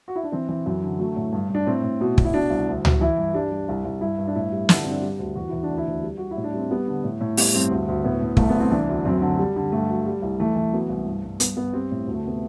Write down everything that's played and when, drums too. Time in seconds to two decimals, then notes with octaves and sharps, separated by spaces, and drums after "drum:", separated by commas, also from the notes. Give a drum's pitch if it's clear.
0.08 F#4
0.16 E4
0.23 D4
0.32 E3 C4
0.49 E3
0.66 F#2
0.83 D3
0.99 F#3 A3
1.16 A2
1.32 G2
1.49 G2
1.54 D4
1.66 A2 C4
1.83 A2
2.01 B2
2.18 B2, drum: kick
2.25 E4
2.34 B2 D4
2.50 C2
2.68 D2
2.85 F#3, drum: tom C#2
3.01 E3 E4
3.17 G2
3.34 G3 D4
3.51 G3
3.69 C2
3.85 C2
4.01 G2 E4
4.18 G2
4.27 D4
4.35 A2 E4
4.52 G3
4.69 D3 E4, drum: snare
4.77 D4
4.84 G2 C4
4.91 D4
5.02 G3
5.19 D2
5.36 E2 F#4
5.49 E2 E4
5.63 D4
5.70 D2
5.78 E4
5.87 D2
6.03 G3
6.17 G3 F#4
6.31 E4
6.37 A2
6.44 D4
6.54 G3 C4
6.71 G3 B3
6.88 D3
7.04 A2
7.21 A2
7.37 G3 B3, drum: open hi-hat
7.54 G2 C4
7.71 D2
7.88 D2
8.04 A2 B3
8.21 A2
8.37 C2 A3, drum: kick
8.49 B3
8.54 C2
8.60 C4
8.71 E3 D4
8.89 D2
9.05 F#2 C4
9.22 D3
9.38 G3
9.56 D3
9.72 G2 A3
9.90 F#3
10.06 G3
10.22 C2
10.40 E3 A3
10.56 E3
10.73 F#3 B3
10.89 C2
11.06 G2
11.24 G2
11.40 G2 B3, drum: hi-hat
11.57 G2 B3
11.73 G3 C4
11.91 A2
12.07 D2
12.14 A3
12.24 C3 B3